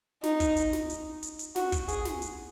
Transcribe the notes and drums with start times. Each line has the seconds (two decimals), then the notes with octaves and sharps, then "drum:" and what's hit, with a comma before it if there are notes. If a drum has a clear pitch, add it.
0.23 D#4, drum: snare
0.40 drum: kick, hi-hat
0.57 drum: hi-hat
0.73 drum: snare
0.90 drum: hi-hat
1.23 drum: hi-hat
1.39 drum: hi-hat
1.56 F#4, drum: snare
1.72 drum: kick, hi-hat
1.88 G#4, drum: hi-hat
2.05 drum: snare
2.22 drum: hi-hat